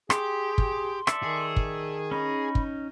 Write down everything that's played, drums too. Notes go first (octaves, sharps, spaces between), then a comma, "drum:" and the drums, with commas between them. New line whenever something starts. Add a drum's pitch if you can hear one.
G4 G#4 C6, drum: rim click
drum: kick
A4 D5 E5, drum: rim click
D#3 G#4
drum: kick
C#4 D#4 B5
drum: kick